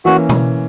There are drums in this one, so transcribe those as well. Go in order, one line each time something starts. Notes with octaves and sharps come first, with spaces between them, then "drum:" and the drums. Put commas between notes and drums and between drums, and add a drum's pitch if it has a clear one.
E3 A#3 C#4 F#4
drum: tom B2